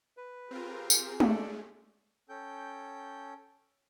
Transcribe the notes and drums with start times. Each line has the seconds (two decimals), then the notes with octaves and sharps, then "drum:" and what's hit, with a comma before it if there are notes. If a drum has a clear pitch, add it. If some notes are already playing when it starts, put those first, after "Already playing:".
0.17 B4
0.51 C4 F4 G4 G#4 A#4
0.90 drum: tambourine
1.20 G#3 A3 C#4 A4 D5, drum: tom
2.29 C#4 A4 G5 G6